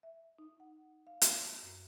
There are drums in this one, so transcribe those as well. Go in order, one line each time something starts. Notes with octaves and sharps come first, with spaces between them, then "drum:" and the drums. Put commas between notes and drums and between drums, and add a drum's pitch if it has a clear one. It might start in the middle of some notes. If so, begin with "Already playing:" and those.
E5
D#4
F#5
F5
drum: hi-hat
F#2